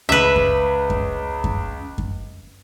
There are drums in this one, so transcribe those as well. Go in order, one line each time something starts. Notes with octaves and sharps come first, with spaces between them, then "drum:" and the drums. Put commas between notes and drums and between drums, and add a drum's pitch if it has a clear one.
C#2 B4 E5
drum: kick F#2
drum: kick F#2
drum: kick F#2
drum: kick F#2